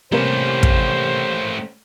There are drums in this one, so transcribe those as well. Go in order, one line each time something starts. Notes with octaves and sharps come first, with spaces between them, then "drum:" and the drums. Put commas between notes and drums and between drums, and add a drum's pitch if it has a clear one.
C3 G3 A3 A#3 C#4 C5
drum: kick